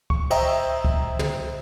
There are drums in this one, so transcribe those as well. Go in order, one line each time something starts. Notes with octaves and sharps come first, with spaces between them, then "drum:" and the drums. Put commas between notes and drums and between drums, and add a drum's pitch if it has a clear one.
C#6, drum: kick C#2
C5 D#5 E5 G5 A#5, drum: cymbal
drum: kick C#2
drum: tom